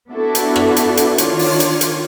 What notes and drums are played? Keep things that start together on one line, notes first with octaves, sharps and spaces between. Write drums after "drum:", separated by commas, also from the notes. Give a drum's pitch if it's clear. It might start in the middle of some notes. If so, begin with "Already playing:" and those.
B3 D4 E4 F#4 A4 E5
drum: hi-hat
drum: rim click
drum: hi-hat
drum: hi-hat
D#3 D4 F4 C#5, drum: hi-hat
drum: open hi-hat
drum: hi-hat
drum: hi-hat